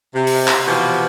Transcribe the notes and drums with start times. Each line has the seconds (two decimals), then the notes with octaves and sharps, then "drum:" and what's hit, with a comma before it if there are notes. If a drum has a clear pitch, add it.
0.15 C3
0.27 drum: open hi-hat
0.48 drum: clap
0.68 B2 E3 F3 F#4 G4